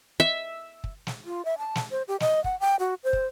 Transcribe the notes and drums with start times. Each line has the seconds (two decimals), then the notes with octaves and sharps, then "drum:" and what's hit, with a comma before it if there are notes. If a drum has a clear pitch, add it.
0.20 E5
0.84 drum: kick
1.07 drum: snare
1.25 F4
1.45 E5
1.58 A5
1.75 drum: snare
1.91 C5
2.08 G4
2.20 D#5, drum: snare
2.44 F#5, drum: kick
2.60 G5
2.79 F#4
3.04 C5
3.13 drum: kick